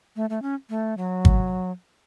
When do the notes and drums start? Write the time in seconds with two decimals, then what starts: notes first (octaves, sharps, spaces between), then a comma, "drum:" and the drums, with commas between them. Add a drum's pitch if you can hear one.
0.16 A3
0.30 A3
0.42 C#4
0.70 A3
0.97 F#3
1.25 drum: kick